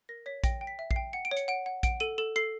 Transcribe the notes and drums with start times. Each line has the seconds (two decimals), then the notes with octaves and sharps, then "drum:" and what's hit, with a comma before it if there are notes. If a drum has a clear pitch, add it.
0.09 A#4 A#6
0.26 C#5 B6
0.44 G5 A#6, drum: kick A#1, hi-hat
0.61 G5
0.67 B6
0.79 E5
0.91 C7, drum: kick A#1
0.96 G5
1.13 F#5 C#7
1.25 D7
1.31 C#5
1.37 C#7, drum: hi-hat
1.48 F#5 D7
1.66 F#5
1.83 F#5 D7, drum: kick A#1, hi-hat
2.00 A4 D#7
2.18 A4 E7
2.36 A4 C7